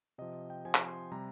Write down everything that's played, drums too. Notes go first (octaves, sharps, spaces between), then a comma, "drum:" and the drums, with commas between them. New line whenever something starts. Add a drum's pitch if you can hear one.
C3 F3 D#5
G5
C3 F3 G#5
drum: clap
C6
C3 G3 A#5